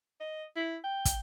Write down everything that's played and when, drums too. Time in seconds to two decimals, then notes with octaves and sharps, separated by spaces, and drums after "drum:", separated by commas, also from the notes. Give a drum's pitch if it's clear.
0.20 D#5
0.56 E4
0.84 G5
1.05 drum: kick, hi-hat